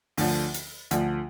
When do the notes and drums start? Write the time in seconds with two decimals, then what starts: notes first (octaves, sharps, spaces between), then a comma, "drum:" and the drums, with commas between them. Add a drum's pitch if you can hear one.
0.17 D2 D3 F3, drum: open hi-hat
0.54 drum: hi-hat
0.91 D2 D3 F3, drum: hi-hat